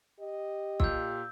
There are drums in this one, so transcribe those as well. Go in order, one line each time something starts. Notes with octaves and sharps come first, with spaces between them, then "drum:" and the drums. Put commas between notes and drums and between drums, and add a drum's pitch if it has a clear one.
G4 D#5
A#2 F5 E6 G6, drum: kick